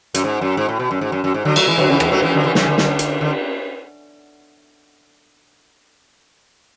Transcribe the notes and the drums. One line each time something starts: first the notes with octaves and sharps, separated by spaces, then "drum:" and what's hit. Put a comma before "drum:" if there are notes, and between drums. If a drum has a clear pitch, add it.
F#2, drum: hi-hat
G#2
F#2
G#2
A2
B2
F#2
G#2
F#2
F#2
G#2
D3 F#3
F#3 A3, drum: cymbal
E3 G#3
D3 F#3, drum: cymbal
C#3 E3
E3 G#3, drum: rim click
F#3 A3
E3 G#3
D3 F#3
C#3 E3
C#3 E3, drum: snare
D3
D3, drum: snare
drum: hi-hat
D3